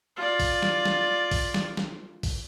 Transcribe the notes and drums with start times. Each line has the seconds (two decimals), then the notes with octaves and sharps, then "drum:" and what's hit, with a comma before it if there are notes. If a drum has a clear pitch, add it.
0.17 F4 D5
0.40 drum: kick, open hi-hat
0.63 drum: snare
0.85 drum: snare
1.31 drum: kick, open hi-hat
1.54 drum: snare
1.77 drum: snare
2.23 drum: kick, open hi-hat